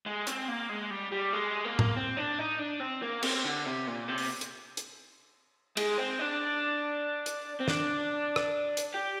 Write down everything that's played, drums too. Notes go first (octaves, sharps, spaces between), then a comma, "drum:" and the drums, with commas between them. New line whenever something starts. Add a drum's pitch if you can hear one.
G#3
C4, drum: hi-hat
A#3
G#3
G3
G3
G#3
A#3
drum: tom A2
C4
D4
D#4
D4
C4
A#3
C4, drum: cymbal
D3
C3
A#2
C3
drum: open hi-hat
drum: hi-hat
drum: hi-hat
G#3, drum: cymbal
C4
D4
drum: hi-hat
C4
D4, drum: snare
drum: rim click
drum: hi-hat
G4